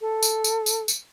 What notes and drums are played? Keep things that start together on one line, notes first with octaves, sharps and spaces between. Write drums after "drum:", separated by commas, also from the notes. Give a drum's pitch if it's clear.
A4
drum: tambourine
drum: tambourine
drum: tambourine
drum: tambourine